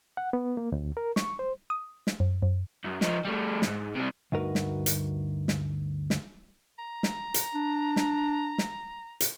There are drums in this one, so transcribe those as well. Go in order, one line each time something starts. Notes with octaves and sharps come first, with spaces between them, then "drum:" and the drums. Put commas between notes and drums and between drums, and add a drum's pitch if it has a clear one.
F#5
B3
A#3
D2
A#4
C#6, drum: snare
C5
D#6
drum: snare
F#2
F#2
F#2
F3 D#4, drum: snare
G3 A3
C#2 G#2, drum: snare
C3 G3
D2 G2 D#4 F#4 A#4 B4
drum: snare
drum: hi-hat
drum: snare
drum: snare
A#5
drum: snare
drum: hi-hat
D4
drum: snare
drum: snare
drum: hi-hat